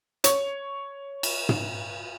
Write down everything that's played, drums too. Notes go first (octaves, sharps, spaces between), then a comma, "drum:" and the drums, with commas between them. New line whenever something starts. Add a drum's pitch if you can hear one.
C#5, drum: hi-hat
drum: cymbal
drum: tom